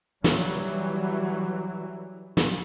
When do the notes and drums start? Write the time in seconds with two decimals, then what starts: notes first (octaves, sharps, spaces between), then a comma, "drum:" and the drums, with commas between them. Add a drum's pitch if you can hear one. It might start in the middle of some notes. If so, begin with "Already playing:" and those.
0.24 E3 F#3 G3, drum: snare
2.37 drum: snare